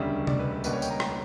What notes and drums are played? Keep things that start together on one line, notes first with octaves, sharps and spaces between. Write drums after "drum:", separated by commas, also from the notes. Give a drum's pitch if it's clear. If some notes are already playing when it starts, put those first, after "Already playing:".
Already playing: E1 D2 C#3 G3 E5
D5, drum: tom C3
B4
C#2 B2 G3 A#3 B4, drum: tambourine
C#5
G5, drum: tambourine
A#5
G5, drum: rim click